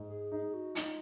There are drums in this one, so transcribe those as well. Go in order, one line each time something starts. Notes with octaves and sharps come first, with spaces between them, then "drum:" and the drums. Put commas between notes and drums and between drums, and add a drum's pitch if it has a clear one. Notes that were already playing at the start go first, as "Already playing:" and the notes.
Already playing: G#2
G#4
D#4 G#4
F#4
D#4 F4, drum: hi-hat